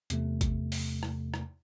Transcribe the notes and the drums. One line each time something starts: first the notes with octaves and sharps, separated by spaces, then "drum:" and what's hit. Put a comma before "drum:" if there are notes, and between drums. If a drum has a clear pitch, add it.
E2 C3 A3, drum: hi-hat
drum: kick G#1, hi-hat
drum: open hi-hat
drum: rim click
drum: rim click